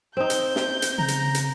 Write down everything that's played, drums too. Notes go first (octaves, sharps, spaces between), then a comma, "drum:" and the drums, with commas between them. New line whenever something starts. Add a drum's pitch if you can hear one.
C4 D#4 G6
drum: hi-hat
drum: snare
drum: hi-hat
C#3 A#5
drum: hi-hat
drum: hi-hat